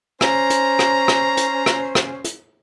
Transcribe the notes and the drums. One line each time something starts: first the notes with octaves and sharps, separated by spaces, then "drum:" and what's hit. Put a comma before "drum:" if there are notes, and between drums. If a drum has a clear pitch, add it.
C#4 C5 A#5, drum: rim click
drum: hi-hat
drum: rim click
drum: rim click
drum: hi-hat
drum: rim click
drum: rim click
drum: hi-hat